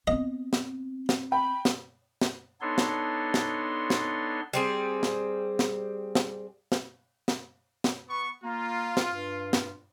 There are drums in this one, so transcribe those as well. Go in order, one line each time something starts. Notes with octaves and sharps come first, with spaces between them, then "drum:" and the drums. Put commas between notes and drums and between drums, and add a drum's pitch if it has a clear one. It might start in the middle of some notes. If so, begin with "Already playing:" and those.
B3 C4 D#5
drum: snare
drum: snare
G5 B5
drum: snare
drum: snare
B3 D4 D#4 A4 C#5 C6
drum: snare
drum: snare
drum: snare
G3 C4 G#4
drum: snare
drum: snare
drum: snare
drum: snare
drum: snare
drum: snare
B3 C#6
A#3 F4
drum: snare
G2
drum: snare